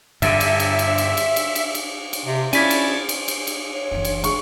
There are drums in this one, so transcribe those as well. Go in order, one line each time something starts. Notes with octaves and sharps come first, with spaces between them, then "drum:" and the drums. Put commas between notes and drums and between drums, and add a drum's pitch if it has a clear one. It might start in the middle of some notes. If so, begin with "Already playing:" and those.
G2 D3 E5, drum: cymbal
drum: cymbal
drum: cymbal
drum: cymbal
drum: cymbal
drum: cymbal
drum: cymbal
drum: cymbal
drum: cymbal
drum: cymbal
C3
F3 C#4 E4 C#5 D5 G#6 B6 D#7, drum: cymbal
drum: cymbal
drum: cymbal
drum: cymbal
drum: cymbal
C#5
F#1 E3
drum: cymbal
G#4 C#6, drum: cymbal